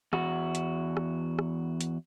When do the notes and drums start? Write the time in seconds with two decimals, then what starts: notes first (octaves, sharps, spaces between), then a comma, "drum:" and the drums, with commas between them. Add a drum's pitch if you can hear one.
0.13 E2 F#4, drum: rim click
0.55 drum: hi-hat
0.97 drum: rim click
1.39 drum: rim click
1.81 drum: hi-hat